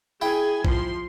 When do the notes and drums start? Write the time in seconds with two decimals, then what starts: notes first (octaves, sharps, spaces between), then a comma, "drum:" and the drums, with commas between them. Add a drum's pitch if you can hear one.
0.22 E4 G#4 G5 G#5
0.65 F3 C6, drum: kick